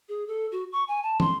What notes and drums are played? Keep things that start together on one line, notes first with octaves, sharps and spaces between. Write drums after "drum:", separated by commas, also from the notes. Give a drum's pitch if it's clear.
G#4
A4
F#4
C#6
G#5
A5
C6, drum: tom